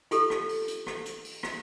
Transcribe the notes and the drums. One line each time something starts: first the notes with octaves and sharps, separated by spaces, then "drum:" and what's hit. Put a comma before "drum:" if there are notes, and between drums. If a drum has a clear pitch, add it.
F4 G4 A4, drum: hi-hat
drum: rim click
drum: open hi-hat
drum: hi-hat
drum: rim click
drum: hi-hat
drum: open hi-hat
drum: rim click